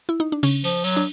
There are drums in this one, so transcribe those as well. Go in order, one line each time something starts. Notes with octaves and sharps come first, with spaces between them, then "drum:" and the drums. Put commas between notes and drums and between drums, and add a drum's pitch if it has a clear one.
E4
D#4
D4
C#3 C#4, drum: cymbal
F3, drum: cymbal
F#3, drum: cymbal
D4